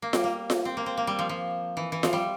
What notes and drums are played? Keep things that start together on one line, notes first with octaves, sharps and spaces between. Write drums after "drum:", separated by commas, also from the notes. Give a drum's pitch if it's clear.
A#3
G3, drum: snare F4
A#3
drum: snare F4
C4
A#3
C4
A#3
G3
F3
F3
E3
E3
F3, drum: snare F4
G3